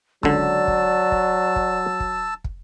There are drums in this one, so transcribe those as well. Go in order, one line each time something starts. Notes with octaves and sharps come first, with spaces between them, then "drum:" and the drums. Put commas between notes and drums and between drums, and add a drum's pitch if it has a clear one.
C#2 D3 F#3 D5 A5 E6, drum: kick
drum: kick
drum: kick
drum: kick
drum: kick
drum: kick